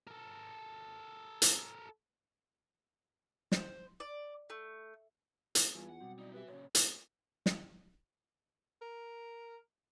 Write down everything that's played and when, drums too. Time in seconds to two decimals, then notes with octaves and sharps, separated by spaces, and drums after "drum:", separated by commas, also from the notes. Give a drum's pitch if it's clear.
0.07 A4 A#4
1.42 drum: hi-hat
3.52 C5, drum: snare
4.00 D5
4.50 A3
5.55 drum: hi-hat
5.74 E2 G2 F4 G#5
5.89 F#5
6.00 B2 F#3 G3 C4
6.19 D#4 E4 D5
6.34 G4 B4 E5
6.47 A#2 C#3 C#5
6.75 drum: hi-hat
7.46 drum: snare
8.82 A#4